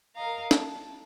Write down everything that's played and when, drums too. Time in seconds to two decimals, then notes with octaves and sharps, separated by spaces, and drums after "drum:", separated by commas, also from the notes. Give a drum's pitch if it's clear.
0.15 A#4 D#5 F5 A#5
0.51 A5, drum: snare